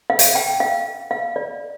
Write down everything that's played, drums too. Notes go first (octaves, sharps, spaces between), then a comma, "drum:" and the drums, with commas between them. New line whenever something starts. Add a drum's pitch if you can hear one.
F5
drum: hi-hat
G5
F5
F5
D5